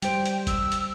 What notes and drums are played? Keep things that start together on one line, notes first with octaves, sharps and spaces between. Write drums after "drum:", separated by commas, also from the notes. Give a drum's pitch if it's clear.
G3 C5 G5, drum: hi-hat
drum: hi-hat
E6, drum: kick, hi-hat
drum: hi-hat